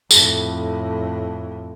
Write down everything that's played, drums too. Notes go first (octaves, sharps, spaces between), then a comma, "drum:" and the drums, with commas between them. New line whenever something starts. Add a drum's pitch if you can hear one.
F2 A2, drum: tambourine